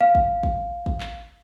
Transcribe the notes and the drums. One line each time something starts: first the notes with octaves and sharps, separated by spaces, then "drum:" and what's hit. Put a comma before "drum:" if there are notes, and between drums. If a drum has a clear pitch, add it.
F5
drum: kick
drum: kick
drum: kick
drum: clap